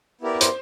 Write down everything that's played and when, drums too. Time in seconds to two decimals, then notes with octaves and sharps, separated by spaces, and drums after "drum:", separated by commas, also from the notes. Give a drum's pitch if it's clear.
0.21 B3 E4 G4 A#4 D5
0.41 C5, drum: hi-hat